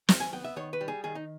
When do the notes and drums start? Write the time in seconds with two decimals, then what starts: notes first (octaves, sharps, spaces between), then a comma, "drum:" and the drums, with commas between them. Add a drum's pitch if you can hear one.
0.09 D#3 G5, drum: snare
0.20 G#5
0.33 B3 G5
0.44 E5
0.56 D#3 C#5
0.73 B4
0.81 G3
0.88 G#4
1.04 D#3 G#4
1.15 D#4